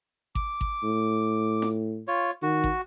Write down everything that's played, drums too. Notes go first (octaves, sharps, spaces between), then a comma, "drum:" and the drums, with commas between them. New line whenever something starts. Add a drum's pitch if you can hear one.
D6, drum: kick G#1
drum: kick G#1
A2
drum: snare
F4 C#5
D#3 F#4
drum: kick G#1